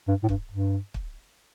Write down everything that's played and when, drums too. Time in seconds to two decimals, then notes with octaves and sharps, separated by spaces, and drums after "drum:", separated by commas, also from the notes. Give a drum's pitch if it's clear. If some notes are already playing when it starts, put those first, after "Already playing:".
0.08 G2
0.23 A2
0.29 G2, drum: kick
0.51 G2
0.94 drum: kick